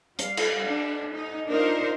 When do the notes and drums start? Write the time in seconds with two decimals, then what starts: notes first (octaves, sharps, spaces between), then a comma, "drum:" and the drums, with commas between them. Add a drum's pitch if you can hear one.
0.19 G3 F5, drum: hi-hat
0.37 drum: cymbal
0.65 D4
1.13 D#4
1.48 D4 D#4 F4 A#4 C5